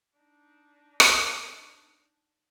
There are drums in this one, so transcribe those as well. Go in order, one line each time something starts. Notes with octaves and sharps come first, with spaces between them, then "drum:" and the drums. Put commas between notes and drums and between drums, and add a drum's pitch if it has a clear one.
D4 D#4
drum: rim click